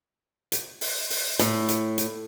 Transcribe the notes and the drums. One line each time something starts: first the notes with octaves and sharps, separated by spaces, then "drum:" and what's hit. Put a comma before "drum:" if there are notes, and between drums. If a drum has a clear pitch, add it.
drum: hi-hat
drum: open hi-hat
drum: open hi-hat
A2, drum: hi-hat
drum: hi-hat
drum: hi-hat